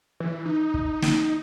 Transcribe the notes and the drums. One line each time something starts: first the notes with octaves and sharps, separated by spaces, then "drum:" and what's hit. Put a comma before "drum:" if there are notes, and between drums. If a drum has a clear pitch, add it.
E3
D#4
drum: kick
drum: snare